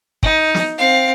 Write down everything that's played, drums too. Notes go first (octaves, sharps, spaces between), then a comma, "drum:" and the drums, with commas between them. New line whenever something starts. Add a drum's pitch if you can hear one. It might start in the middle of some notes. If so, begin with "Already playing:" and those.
D#4, drum: kick
drum: snare
C4 F5